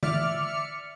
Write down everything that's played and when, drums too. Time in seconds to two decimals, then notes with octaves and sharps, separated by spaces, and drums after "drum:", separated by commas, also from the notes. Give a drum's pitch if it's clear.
0.03 D5 E5 F6 C#7, drum: tom D3